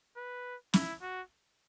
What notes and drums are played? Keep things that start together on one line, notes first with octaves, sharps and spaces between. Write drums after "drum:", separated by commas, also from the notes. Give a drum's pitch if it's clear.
B4
E4, drum: snare
F#4